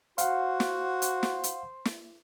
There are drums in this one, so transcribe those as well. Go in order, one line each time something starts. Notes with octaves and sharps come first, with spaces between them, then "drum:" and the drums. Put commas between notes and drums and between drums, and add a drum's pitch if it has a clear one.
F#4 C5 F5 F#5, drum: hi-hat
drum: snare
drum: hi-hat
drum: snare
drum: hi-hat
drum: snare